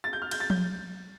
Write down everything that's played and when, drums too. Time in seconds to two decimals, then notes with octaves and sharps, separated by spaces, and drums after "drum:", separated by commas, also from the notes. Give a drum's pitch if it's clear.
0.04 A6
0.13 G6
0.22 F6
0.31 G6, drum: cymbal
0.40 A6
0.50 G6, drum: tom F3